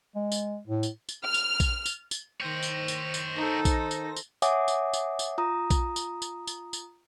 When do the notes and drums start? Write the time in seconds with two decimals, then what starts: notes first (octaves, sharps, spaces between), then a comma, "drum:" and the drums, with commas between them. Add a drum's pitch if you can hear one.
0.15 G#3
0.32 drum: tambourine
0.67 A2
0.83 drum: tambourine
1.09 drum: tambourine
1.25 F6
1.34 drum: tambourine
1.60 drum: kick A#1, tambourine
1.86 drum: tambourine
2.11 drum: tambourine
2.40 D#3 C5 C#5 G5 A#6
2.63 drum: tambourine
2.88 drum: tambourine
3.14 drum: tambourine
3.36 D#4 A4
3.65 drum: kick A#1, tambourine
3.91 drum: tambourine
4.17 drum: tambourine
4.42 C#5 E5 F#5 G#5 D6 D#6, drum: tambourine
4.68 drum: tambourine
4.93 drum: tambourine
5.19 drum: tambourine
5.38 F4 A#5 D#6
5.70 drum: kick A#1, tambourine
5.96 drum: tambourine
6.22 drum: tambourine
6.47 drum: tambourine
6.73 drum: tambourine